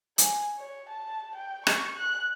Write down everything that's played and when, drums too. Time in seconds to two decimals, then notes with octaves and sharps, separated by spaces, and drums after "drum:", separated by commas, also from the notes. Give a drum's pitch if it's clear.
0.18 G#5, drum: hi-hat
0.58 C#5
0.89 A5
1.36 G5
1.67 C#6, drum: rim click
1.98 F#6